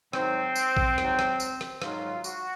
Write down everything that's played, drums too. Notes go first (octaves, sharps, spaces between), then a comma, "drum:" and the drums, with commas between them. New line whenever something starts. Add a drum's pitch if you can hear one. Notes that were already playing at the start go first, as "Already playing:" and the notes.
G#2 D#3 F#3 C4, drum: rim click
drum: tambourine
drum: kick
G#2 F#3, drum: rim click
drum: rim click
drum: tambourine
drum: rim click
G#2 D#3 F#3 F4, drum: rim click
F#4, drum: tambourine